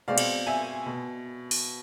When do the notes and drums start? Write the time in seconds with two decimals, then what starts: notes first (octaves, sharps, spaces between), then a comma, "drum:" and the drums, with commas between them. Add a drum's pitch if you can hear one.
0.08 B2 G#3 C4 D5 F5
0.18 drum: cymbal
0.47 E5 G#5
0.86 B2
1.51 drum: open hi-hat